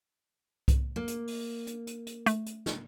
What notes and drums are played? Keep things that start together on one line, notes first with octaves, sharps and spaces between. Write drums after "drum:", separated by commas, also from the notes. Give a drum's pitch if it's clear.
drum: kick C2, hi-hat
A#3
drum: hi-hat
drum: open hi-hat
drum: hi-hat
drum: hi-hat
drum: hi-hat
A3, drum: hi-hat
drum: hi-hat
drum: snare